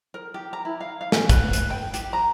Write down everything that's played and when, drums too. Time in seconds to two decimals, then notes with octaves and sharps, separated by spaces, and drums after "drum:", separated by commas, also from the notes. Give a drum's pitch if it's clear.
0.14 A#4
0.34 G4
0.53 A#5
0.65 E4
0.80 F5
1.01 F5
1.12 G#5, drum: snare
1.29 B4, drum: kick, hi-hat
1.53 B4, drum: hi-hat
1.70 G5
1.94 G4, drum: hi-hat
2.13 A#5